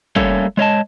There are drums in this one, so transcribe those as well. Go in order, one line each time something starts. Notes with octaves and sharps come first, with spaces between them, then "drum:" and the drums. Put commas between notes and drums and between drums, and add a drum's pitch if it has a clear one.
G3 A3 A#3 C#4 A4 C#5, drum: kick
G#3 C#5 D#5 A5